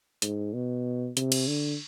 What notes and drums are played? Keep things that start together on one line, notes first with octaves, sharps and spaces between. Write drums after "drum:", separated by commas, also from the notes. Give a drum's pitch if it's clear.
G#2, drum: hi-hat
B2
C3, drum: hi-hat
drum: cymbal
D3